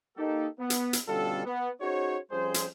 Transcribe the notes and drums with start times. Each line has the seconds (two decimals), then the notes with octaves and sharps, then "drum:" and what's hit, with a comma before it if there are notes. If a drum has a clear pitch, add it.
0.17 A#3 D#4 G4 A4
0.59 B3
0.70 drum: hi-hat
0.93 drum: hi-hat
1.08 B2 D3 G3 C#4 F4 A4
1.46 B3
1.81 C#4 D#4 F#4 G#4 C5 C#5
2.31 F2 F3 G3 C#4 G#4 C5
2.54 drum: hi-hat